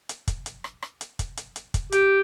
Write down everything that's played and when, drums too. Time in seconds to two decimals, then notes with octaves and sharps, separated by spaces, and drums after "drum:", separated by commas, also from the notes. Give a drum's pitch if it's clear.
0.09 drum: hi-hat
0.28 drum: kick, hi-hat
0.46 drum: hi-hat
0.64 drum: rim click
0.82 drum: rim click
1.01 drum: hi-hat
1.19 drum: kick, hi-hat
1.37 drum: hi-hat
1.56 drum: hi-hat
1.74 drum: kick, hi-hat
1.92 G4, drum: hi-hat